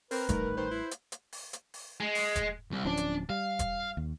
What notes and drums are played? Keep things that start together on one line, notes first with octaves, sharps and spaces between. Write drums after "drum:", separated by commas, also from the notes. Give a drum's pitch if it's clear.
C4 A#4 B4, drum: open hi-hat
A1 D#3 G3 A3 A#4, drum: kick E1, hi-hat
D#3 C5
E4
drum: hi-hat
drum: hi-hat
drum: open hi-hat
drum: hi-hat
drum: open hi-hat
G#3
drum: open hi-hat
drum: kick E1, hi-hat
C2
D1 F3 C#4 D4
drum: hi-hat
G3 F5
drum: kick E1, hi-hat
D#2